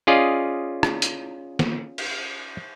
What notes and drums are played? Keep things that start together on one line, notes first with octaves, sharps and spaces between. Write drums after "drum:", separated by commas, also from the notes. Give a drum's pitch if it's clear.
C#4 F4 G#4 D5 D#5 F5
drum: rim click
drum: hi-hat
drum: snare
drum: cymbal